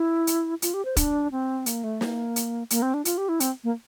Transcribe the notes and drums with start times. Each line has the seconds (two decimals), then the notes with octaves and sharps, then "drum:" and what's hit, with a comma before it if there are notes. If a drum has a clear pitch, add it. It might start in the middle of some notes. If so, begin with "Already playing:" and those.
Already playing: E4
0.27 drum: hi-hat
0.62 F4, drum: hi-hat
0.74 G4
0.85 C5
0.97 D4, drum: kick, hi-hat
1.32 C4
1.66 A#3, drum: hi-hat
1.84 A3
2.01 A#3, drum: snare
2.36 drum: hi-hat
2.70 A#3, drum: hi-hat
2.82 C4
2.94 D4
3.05 F4, drum: hi-hat
3.18 G4
3.29 E4
3.40 C4, drum: hi-hat
3.64 A#3